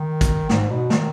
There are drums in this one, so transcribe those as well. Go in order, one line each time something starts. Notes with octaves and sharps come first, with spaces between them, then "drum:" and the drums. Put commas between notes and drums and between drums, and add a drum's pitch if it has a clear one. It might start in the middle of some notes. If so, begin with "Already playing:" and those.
Already playing: D#3
drum: kick, hi-hat
G#2, drum: snare
B2
D#3, drum: snare